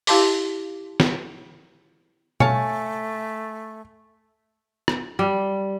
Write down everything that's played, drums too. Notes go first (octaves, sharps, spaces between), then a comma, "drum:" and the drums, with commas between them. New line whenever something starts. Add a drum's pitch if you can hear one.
E4 G4 F5 A5 C6 D6, drum: open hi-hat
drum: snare
A3 C#5 F5 G#5 A5, drum: tom B2
drum: rim click
G3